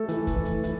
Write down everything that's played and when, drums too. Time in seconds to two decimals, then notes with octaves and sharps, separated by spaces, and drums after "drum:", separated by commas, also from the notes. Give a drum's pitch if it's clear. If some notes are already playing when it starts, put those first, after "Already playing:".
Already playing: A3 A4
0.09 E3, drum: hi-hat
0.27 drum: kick, hi-hat
0.36 E3
0.45 drum: hi-hat
0.64 E3, drum: hi-hat